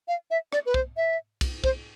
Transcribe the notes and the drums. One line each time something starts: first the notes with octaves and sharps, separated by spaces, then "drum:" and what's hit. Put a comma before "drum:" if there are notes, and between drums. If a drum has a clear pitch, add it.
F5
E5
D5, drum: rim click
B4
C5, drum: kick
E5
drum: kick, cymbal
C5, drum: kick